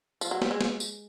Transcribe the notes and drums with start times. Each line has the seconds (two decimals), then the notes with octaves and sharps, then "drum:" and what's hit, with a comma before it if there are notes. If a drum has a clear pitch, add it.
0.21 F3, drum: tambourine
0.31 F#3
0.42 G3, drum: snare
0.51 G#3
0.61 drum: snare
0.80 drum: tambourine